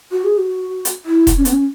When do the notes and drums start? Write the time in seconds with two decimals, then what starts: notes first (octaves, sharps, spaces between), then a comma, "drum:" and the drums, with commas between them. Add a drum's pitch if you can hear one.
0.12 F#4
0.25 G#4
0.38 F#4
0.85 drum: hi-hat
1.05 E4
1.27 drum: kick E1, hi-hat
1.37 C#4
1.45 B3, drum: hi-hat
1.52 C#4